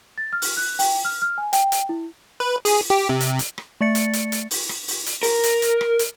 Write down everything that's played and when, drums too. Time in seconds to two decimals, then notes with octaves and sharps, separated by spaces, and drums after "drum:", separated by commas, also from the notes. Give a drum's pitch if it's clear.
0.18 A6
0.33 F6
0.42 drum: open hi-hat
0.57 F#6
0.79 G5, drum: open hi-hat
1.05 F6
1.22 F6
1.38 G#5
1.53 G5, drum: hi-hat
1.72 drum: hi-hat
1.89 E4
2.40 B4
2.65 G#4, drum: open hi-hat
2.90 G4
3.09 C3
3.21 drum: hi-hat
3.39 drum: hi-hat
3.58 drum: rim click
3.81 A3 D5 A6 C#7
3.95 drum: hi-hat
4.13 drum: hi-hat
4.32 drum: hi-hat
4.51 drum: open hi-hat
4.69 drum: rim click
4.88 drum: open hi-hat
5.06 drum: hi-hat
5.23 A#4, drum: open hi-hat
5.44 drum: hi-hat
5.62 drum: hi-hat
5.81 drum: rim click
5.99 drum: hi-hat